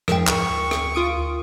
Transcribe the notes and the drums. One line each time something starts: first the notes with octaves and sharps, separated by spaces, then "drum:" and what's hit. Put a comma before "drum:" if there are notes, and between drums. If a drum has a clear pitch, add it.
F2 G#2 F3 A#4 G5, drum: rim click
D2 C#6, drum: clap
drum: rim click
F4 D#6 D7